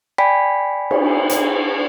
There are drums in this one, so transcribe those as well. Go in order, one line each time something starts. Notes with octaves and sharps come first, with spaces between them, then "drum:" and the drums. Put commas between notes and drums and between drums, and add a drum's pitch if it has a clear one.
D5 G5 G#5 B5 B6
drum: cymbal
drum: hi-hat